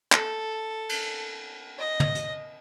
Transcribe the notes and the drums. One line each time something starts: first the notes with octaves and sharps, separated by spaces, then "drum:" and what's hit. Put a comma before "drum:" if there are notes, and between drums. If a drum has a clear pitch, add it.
A4, drum: clap
drum: cymbal
D#5
drum: tom
drum: hi-hat